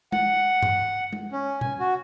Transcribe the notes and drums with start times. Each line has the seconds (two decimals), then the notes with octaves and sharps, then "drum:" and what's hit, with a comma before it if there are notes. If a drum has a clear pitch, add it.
0.12 F#5, drum: tom
0.63 drum: tom G2
1.13 drum: tom
1.32 C#4
1.61 G#5, drum: tom
1.80 F#4